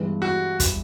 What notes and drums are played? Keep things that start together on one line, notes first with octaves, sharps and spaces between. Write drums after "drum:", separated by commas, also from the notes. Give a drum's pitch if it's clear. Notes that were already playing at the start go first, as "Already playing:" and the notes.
Already playing: G2 E3 G#3 B3
F#4
drum: kick, hi-hat